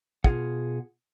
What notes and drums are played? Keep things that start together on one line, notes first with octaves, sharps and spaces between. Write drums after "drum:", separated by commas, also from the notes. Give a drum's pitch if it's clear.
B2 F4 G#4 F#5, drum: kick